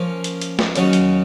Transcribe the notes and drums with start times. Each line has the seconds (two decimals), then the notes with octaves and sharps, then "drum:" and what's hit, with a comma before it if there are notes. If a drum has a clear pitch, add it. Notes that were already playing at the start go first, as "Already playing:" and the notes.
Already playing: F3 A#3 C#4
0.24 drum: hi-hat
0.42 drum: hi-hat
0.59 drum: snare
0.75 D#2 C#3 F#3 C#4, drum: hi-hat
0.93 drum: hi-hat